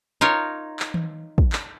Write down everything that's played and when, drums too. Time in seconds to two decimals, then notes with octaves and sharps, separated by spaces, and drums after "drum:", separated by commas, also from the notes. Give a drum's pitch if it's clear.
0.21 D#4 F4 A#4 C#5
0.80 drum: clap
0.94 drum: tom D#3
1.38 drum: kick
1.53 drum: clap